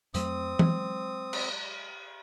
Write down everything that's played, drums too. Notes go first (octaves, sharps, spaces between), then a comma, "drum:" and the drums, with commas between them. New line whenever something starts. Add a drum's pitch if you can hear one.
F2 F#3 A3 C4 D#6, drum: hi-hat
F#3 G#3, drum: tom E3
drum: cymbal